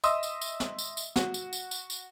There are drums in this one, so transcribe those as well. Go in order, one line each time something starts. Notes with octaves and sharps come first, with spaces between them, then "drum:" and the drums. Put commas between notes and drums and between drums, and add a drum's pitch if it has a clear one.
D#5 E5 C6 D#6 E6, drum: tambourine
drum: tambourine
drum: tambourine
drum: snare
drum: tambourine
drum: tambourine
F#4, drum: snare
drum: tambourine
drum: tambourine
drum: tambourine
drum: tambourine